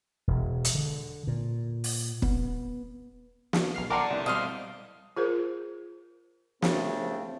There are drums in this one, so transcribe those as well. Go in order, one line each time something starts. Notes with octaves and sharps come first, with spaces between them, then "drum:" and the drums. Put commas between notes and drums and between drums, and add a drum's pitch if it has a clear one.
E1
drum: hi-hat
D3
A#2
drum: open hi-hat
B3, drum: kick
drum: snare
B1 F6 C7
A4 A#4 D5 F#5 A5 C6 D6
C2
B2 G3 C5 D#5 F5 C6
F4 G#4 A#4 C5
C2 C#3 F3 A3 C4 D4, drum: snare